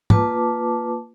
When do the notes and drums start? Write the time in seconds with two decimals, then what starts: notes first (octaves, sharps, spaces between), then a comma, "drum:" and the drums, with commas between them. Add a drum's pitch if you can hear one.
0.10 A#3 F4 B4 A5 D6, drum: tom